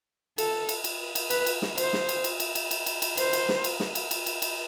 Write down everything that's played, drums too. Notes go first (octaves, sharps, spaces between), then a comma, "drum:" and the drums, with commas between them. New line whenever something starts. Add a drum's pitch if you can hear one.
A4, drum: cymbal
drum: cymbal
drum: cymbal
drum: cymbal
B4, drum: cymbal
drum: cymbal
drum: snare
C5, drum: cymbal
drum: snare
drum: cymbal
drum: cymbal
drum: cymbal
drum: cymbal
drum: cymbal
drum: cymbal
drum: cymbal
C5, drum: cymbal
drum: cymbal
drum: snare
drum: cymbal
drum: snare
drum: cymbal
drum: cymbal
drum: cymbal
drum: cymbal